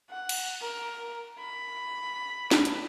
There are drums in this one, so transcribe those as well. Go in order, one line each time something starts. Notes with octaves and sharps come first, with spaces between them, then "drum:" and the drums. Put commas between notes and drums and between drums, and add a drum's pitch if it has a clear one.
F#5
drum: cymbal
A#4
B5
drum: snare
drum: hi-hat